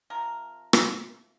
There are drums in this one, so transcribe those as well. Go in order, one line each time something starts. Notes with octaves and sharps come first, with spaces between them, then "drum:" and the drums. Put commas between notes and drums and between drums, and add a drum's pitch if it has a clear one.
C3 F3 A#4
drum: rim click